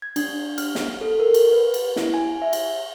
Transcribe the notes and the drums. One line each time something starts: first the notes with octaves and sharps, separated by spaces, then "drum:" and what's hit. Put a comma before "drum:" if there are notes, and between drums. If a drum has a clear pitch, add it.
G#6
D4, drum: cymbal
F6, drum: cymbal
drum: snare
A4
A#4
drum: cymbal
B4
drum: cymbal
E4, drum: snare
G#5
E5
drum: cymbal